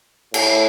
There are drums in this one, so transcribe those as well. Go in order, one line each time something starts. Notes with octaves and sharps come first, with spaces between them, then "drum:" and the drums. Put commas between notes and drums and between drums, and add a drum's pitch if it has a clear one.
A2, drum: cymbal